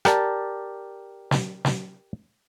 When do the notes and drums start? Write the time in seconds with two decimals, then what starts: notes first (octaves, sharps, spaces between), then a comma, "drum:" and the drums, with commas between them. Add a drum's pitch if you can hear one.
0.05 G4 A#4 D5 A5, drum: rim click
1.31 drum: snare
1.65 drum: snare